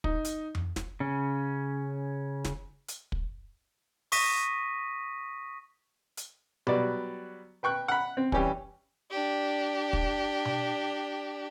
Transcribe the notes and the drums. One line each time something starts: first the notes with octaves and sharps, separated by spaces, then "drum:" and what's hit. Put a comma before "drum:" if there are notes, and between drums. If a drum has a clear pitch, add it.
D#4, drum: kick
drum: hi-hat
drum: tom F2
drum: snare
C#3 C#4
drum: snare
drum: hi-hat
drum: kick
C#6 D#6 A#6 B6 D#7, drum: open hi-hat
drum: hi-hat
F#3 G3 B3 F#4 D5, drum: tom B2
B4 G5 C#6 F#6
F#5 B5
C4
E3 G3 C#4 G4, drum: kick
D4 G4
drum: kick
drum: tom B2